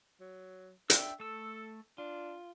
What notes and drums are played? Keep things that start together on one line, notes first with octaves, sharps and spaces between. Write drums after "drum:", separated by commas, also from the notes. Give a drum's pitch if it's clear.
F#3
D4 E5 G5 E6, drum: hi-hat
A3 A4 E6
D4 F4